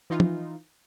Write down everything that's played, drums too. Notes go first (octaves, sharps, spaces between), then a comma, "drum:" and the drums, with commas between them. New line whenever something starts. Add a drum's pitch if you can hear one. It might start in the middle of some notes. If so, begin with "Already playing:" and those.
E3 D#4 F4
drum: tom